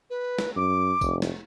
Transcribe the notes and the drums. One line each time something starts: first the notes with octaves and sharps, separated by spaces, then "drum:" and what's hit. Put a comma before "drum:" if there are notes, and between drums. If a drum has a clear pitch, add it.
B4
drum: snare
F#2 D6
F1, drum: kick, tambourine
drum: snare